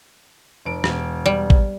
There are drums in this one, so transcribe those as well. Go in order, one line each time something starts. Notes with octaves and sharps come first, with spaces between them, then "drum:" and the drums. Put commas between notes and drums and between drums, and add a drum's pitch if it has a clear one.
F1 D7
E1, drum: rim click
G3
drum: kick A1